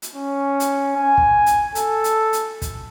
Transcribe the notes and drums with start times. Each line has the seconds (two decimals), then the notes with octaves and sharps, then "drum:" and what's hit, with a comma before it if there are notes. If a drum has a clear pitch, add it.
0.02 drum: hi-hat
0.16 C#4
0.60 drum: hi-hat
0.96 G#5
1.17 drum: kick
1.46 drum: hi-hat
1.75 A4, drum: hi-hat
2.04 drum: hi-hat
2.33 drum: hi-hat
2.62 drum: kick, hi-hat